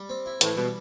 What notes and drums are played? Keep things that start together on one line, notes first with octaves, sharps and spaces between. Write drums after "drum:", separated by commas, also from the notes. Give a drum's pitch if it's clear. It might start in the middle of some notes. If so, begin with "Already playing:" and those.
Already playing: G3
C4
E4
A2 E3, drum: hi-hat
B2 G3